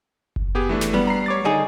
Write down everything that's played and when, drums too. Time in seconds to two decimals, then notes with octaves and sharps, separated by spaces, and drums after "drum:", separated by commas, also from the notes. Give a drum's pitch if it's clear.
0.36 drum: kick F#1
0.55 B3 G4 G#4
0.69 E3 A3 D4
0.81 drum: snare
0.94 G3 B3
1.07 A#5 C7
1.26 C#5 D6 A6
1.45 D3 D#4 G#4